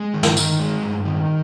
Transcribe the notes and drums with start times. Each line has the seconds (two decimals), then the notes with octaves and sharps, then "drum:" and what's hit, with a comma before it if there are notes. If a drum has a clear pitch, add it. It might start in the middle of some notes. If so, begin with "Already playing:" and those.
Already playing: G#3
0.14 D#3
0.23 drum: snare
0.37 D#3, drum: tambourine
0.60 G#3
0.83 G2
1.05 D#3